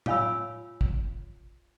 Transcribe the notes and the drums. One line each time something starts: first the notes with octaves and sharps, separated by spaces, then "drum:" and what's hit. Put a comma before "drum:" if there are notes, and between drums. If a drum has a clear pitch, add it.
F4 C#5 F5 G#5 B5 E6, drum: tom A2
drum: kick